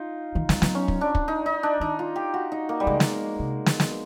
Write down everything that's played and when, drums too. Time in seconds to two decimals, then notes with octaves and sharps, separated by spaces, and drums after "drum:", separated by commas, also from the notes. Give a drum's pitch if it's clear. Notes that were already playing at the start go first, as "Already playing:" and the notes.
Already playing: D#4 F4
0.35 D#3
0.49 G3, drum: snare
0.62 F#3, drum: snare
0.75 C#4
0.88 drum: kick
1.01 D4
1.15 drum: kick
1.28 D#4
1.46 D#4
1.63 D4
1.80 D#3 D#4
1.99 F4
2.16 G4
2.34 F#4
2.52 D#4
2.69 A#3
2.80 G3
2.87 C#3 G#3
3.00 drum: snare
3.39 C3
3.66 drum: snare
3.80 drum: snare